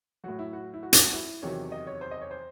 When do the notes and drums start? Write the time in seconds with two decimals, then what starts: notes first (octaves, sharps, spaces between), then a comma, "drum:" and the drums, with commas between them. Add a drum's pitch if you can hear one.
0.24 A2 F#3 F#4
0.39 E4
0.53 F#4
0.74 E4
0.83 F#4
0.93 drum: hi-hat
1.09 F#4
1.12 E4
1.42 E2 C3 D#3 F#3 C#5
1.72 D#5
1.87 C#5
2.01 C5
2.11 D#5
2.21 C#5
2.31 C5